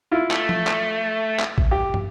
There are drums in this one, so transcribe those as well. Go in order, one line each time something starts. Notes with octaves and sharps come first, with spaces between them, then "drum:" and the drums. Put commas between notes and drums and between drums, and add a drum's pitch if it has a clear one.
E4 F4
A3, drum: clap
drum: tom F3
drum: clap
drum: clap
drum: kick A1
G4
drum: tom